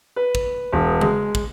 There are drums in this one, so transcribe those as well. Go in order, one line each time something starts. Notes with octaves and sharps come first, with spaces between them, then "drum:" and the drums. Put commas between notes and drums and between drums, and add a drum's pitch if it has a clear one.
B4
drum: kick
E1
G#3, drum: tom C#3
drum: kick